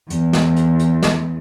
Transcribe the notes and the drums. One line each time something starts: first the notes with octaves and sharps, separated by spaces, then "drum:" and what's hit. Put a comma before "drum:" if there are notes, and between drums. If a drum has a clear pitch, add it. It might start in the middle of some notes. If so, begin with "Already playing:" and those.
E2, drum: hi-hat
drum: snare
drum: hi-hat
drum: hi-hat
drum: snare